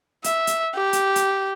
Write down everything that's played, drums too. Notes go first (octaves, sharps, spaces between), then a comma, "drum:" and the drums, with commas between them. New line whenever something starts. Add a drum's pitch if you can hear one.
E5, drum: hi-hat
drum: hi-hat
G4
drum: hi-hat
drum: hi-hat